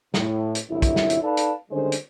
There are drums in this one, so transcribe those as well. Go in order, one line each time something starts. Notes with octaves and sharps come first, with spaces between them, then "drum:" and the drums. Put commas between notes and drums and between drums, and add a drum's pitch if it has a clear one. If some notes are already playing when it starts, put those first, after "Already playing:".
A2, drum: snare
drum: hi-hat
G1 C2 F#3 E4
drum: kick, hi-hat
drum: snare
drum: hi-hat
D#4 A4 B4 D5 F5 A5
drum: hi-hat
D3 D#3 G3 G#3 C#4 C5
drum: hi-hat